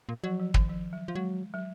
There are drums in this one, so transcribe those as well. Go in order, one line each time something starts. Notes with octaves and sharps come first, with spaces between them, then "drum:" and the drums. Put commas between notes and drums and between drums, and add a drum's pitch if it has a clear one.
A#2
F3 F#3
F3
D#3, drum: kick
F3
F#3
F3
F#3 G#3
F#3